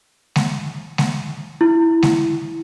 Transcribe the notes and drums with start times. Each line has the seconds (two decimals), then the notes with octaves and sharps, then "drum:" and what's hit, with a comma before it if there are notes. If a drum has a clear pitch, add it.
0.36 drum: snare G#3
0.98 drum: snare G#3
1.61 E4
2.02 drum: snare G#3